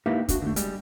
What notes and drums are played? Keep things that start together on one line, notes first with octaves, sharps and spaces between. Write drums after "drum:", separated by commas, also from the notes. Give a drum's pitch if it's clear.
A#3 D#4 E4 G4 B4 F5
D4 F#4, drum: kick, hi-hat
D3 A3
G3 G#3, drum: hi-hat